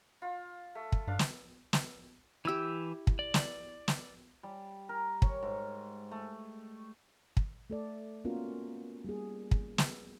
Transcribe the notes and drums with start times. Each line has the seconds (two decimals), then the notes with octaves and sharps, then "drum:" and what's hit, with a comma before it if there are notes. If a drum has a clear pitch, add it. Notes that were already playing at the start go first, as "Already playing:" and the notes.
0.22 F4
0.75 A3
0.92 drum: kick
1.07 G2 D4 F5
1.19 drum: snare
1.73 drum: snare
2.45 E3 E4 G4 E6
3.07 drum: kick
3.19 D5
3.34 drum: snare
3.88 drum: snare
4.43 G3
4.89 A#4
5.22 C#5, drum: kick
5.43 G#2
6.11 A3
7.37 drum: kick
7.70 A3 A4 D5
8.25 A#3 B3 C#4 F4 F#4 A#4
9.05 G3 A#3 G#4
9.51 drum: kick
9.78 drum: snare